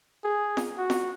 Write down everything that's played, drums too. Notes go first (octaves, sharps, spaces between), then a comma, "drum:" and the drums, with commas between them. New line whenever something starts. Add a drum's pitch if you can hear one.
G#4
drum: snare
F#4
drum: snare